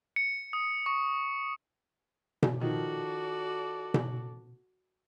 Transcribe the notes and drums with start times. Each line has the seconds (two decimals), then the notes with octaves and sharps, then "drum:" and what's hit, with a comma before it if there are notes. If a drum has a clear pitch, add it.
0.16 C#7
0.53 D#6
0.86 C#6
2.43 drum: tom B2
2.61 D#3 F3 F#4 A4 D5
3.94 drum: tom B2